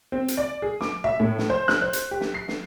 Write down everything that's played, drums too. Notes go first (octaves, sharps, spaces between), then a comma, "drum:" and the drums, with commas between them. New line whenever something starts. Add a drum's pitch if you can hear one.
C4
drum: hi-hat
D5
G#4
D6, drum: snare
E5
A2
drum: snare
C5
F#6, drum: snare
C5
drum: hi-hat
G4
drum: snare
C7
drum: snare